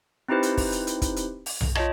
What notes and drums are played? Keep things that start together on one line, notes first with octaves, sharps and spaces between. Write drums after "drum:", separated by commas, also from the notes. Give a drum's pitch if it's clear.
C4 D#4 E4 G4 B4 C5
drum: hi-hat
drum: kick, open hi-hat
drum: hi-hat
drum: hi-hat
drum: kick, hi-hat
drum: hi-hat
drum: open hi-hat
drum: tom B1
F4 C#5 D#5 A5, drum: rim click